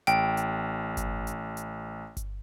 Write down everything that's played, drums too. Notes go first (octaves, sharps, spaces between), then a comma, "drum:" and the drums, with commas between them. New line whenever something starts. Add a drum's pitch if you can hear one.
A1 G5, drum: hi-hat
drum: hi-hat
drum: kick G1, hi-hat
drum: hi-hat
drum: hi-hat
drum: kick G1, hi-hat